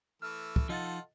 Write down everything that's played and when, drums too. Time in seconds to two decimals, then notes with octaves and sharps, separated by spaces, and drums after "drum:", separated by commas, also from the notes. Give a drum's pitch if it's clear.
0.22 E3 A3 E6 F6
0.56 drum: kick
0.69 F3 D#4 F4 A4 D#5 F#5 A6